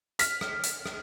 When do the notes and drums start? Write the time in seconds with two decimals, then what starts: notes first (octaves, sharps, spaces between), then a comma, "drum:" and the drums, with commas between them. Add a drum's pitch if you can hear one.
0.19 F6 B6, drum: hi-hat
0.41 drum: rim click
0.63 drum: hi-hat
0.86 drum: rim click